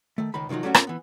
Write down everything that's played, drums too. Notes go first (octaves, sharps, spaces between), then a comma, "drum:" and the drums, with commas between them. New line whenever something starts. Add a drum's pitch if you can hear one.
D#3 A3
C#2 D#3 D#4 B5
C3 D#3 F3 F#3 D#4
F#3 G3 A3 B3 C#4 F#4
C4 C#4 F4 A#4, drum: rim click
E3 B3